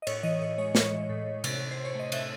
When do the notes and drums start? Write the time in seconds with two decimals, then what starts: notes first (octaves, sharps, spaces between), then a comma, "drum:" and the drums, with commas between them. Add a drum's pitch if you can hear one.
0.02 D#5
0.07 A2 C#5, drum: cymbal
0.23 E3 D#5
0.42 A2 C#5
0.58 G#3 C#5
0.75 A2 C#5, drum: snare
0.93 E3
1.09 A2
1.27 A2
1.44 C3, drum: cymbal
1.60 C3
1.71 C5
1.78 C3
1.85 C#5
1.95 A3 D#5
2.12 C3 E5, drum: cymbal